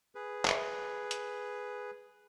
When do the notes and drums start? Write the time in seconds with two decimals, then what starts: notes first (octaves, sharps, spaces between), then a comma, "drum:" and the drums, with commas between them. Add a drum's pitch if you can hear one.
0.15 G#4 B4
0.45 drum: clap
1.11 drum: hi-hat